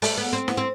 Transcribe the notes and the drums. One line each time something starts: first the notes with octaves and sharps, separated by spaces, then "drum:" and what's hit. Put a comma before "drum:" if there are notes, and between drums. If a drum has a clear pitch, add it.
A3, drum: open hi-hat
B3
C4
B3, drum: snare E4
C4